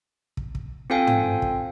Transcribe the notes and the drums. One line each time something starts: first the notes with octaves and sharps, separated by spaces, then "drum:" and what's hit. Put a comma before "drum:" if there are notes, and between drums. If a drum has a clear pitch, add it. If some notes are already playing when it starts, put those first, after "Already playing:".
drum: kick
drum: kick
C4 F4 A4 F5 G5 G#5
drum: tom
drum: kick